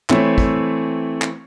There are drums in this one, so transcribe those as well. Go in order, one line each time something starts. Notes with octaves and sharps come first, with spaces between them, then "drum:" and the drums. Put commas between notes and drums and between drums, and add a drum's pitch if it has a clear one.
E3 A3 C4 E4 C#5, drum: clap
drum: kick
drum: clap